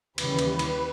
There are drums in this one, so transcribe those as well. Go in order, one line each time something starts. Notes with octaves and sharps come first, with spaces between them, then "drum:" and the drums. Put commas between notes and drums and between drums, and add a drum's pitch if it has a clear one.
D#2 C#3 E3 G3 B4, drum: cymbal
drum: cymbal
drum: cymbal